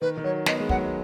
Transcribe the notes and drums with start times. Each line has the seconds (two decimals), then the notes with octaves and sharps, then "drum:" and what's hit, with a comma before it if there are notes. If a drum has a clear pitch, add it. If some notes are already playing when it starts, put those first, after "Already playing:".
0.01 D#3 B4
0.17 D#3
0.24 F#3 C#5
0.46 B3 D#5, drum: snare
0.59 G#3
0.69 F#3 F#5, drum: kick
0.83 G#3